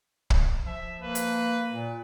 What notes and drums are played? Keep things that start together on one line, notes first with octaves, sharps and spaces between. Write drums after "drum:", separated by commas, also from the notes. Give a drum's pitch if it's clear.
drum: kick
F3 E5
A#3 B4
drum: hi-hat
A#2